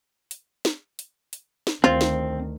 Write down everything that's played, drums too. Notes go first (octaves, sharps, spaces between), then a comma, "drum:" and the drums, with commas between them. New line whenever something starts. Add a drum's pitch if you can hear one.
drum: hi-hat
drum: snare
drum: hi-hat
drum: hi-hat
drum: snare
D2 D#3 C4 F4
drum: snare